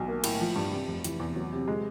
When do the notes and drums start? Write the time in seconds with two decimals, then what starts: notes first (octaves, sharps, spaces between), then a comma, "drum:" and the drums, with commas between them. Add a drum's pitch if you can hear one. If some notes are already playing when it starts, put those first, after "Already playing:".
Already playing: B1
0.08 A#3
0.24 A2, drum: cymbal
0.41 F3
0.56 G2
0.72 C3
0.88 F1
1.04 E3, drum: hi-hat
1.20 E2
1.36 F#3
1.52 C3
1.68 G#3